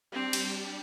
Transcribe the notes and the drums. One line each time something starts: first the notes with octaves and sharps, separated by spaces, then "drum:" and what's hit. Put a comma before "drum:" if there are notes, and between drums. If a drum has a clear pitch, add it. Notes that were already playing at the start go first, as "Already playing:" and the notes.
G3 C4 D4 G4
drum: cymbal